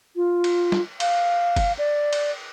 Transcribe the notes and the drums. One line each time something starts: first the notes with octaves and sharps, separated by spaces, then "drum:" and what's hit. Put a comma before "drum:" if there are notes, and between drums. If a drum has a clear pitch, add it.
F4
drum: cymbal
drum: snare
F5, drum: cymbal
drum: kick G1, cymbal
D5
drum: cymbal